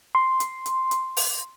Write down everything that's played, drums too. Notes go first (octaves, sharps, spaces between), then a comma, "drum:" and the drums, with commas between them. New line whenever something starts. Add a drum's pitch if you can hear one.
C6
drum: hi-hat
drum: hi-hat
drum: hi-hat
drum: open hi-hat